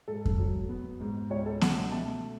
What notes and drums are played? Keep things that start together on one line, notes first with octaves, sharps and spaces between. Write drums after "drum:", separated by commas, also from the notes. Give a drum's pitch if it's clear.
G#2 A4
drum: kick F2
F#3
B3
G#2
C#2 C#5
A4
B2 F#5, drum: snare B3
A3 A5